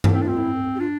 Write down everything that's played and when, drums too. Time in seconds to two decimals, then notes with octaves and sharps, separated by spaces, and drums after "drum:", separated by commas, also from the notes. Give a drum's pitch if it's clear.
0.04 drum: tom G2
0.14 C4 E4
0.21 D4
0.26 C4 F4
0.37 E4
0.75 G4
0.79 D4 F4